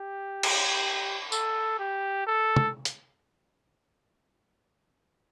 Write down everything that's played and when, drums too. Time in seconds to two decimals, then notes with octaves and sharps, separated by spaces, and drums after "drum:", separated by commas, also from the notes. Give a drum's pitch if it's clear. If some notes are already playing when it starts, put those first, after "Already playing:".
Already playing: G4
0.43 drum: cymbal
1.32 A4, drum: tambourine
1.79 G4
2.27 A4
2.56 drum: tom
2.85 drum: hi-hat